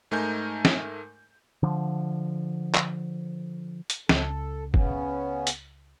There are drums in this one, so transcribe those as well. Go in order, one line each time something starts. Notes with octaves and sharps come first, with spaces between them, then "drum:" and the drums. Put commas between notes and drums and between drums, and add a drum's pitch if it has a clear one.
G#2 A3 D#4 A#4 G#5 G6
drum: snare
D3 F3
drum: clap
drum: hi-hat
C#2 A4, drum: snare
C#3 B3 C#4, drum: kick
drum: hi-hat